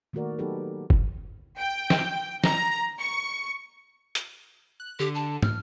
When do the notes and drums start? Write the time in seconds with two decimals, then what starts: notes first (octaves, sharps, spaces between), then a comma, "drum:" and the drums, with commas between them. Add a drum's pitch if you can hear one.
0.13 D#3 A3 A#3 F#4 A#4 D5
0.39 F#3 B3 D#4 G4 A4 B4
0.90 drum: kick
1.57 G5
1.90 drum: snare
2.44 A#5, drum: snare
2.99 C#6
4.15 drum: hi-hat
4.80 F#6
4.99 D3 G4
5.15 A5
5.42 F6, drum: tom